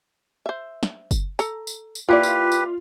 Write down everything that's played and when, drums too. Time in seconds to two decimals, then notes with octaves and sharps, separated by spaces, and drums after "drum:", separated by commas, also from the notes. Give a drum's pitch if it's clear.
0.46 C5 E5
0.83 drum: snare
1.11 drum: kick F#1, tambourine
1.39 A4 A#5, drum: tambourine
1.67 drum: tambourine
1.95 drum: tambourine
2.09 A#3 E4 F4 G4 B4 D5
2.23 drum: tambourine
2.52 drum: tambourine